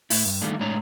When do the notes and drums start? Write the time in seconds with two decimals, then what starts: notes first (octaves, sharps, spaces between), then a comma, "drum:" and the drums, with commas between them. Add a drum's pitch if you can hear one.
0.10 A2 E4, drum: open hi-hat
0.26 G2
0.42 D#3 G3 A3 A#3 D4
0.60 A2 G#3 D4 C#5 A#5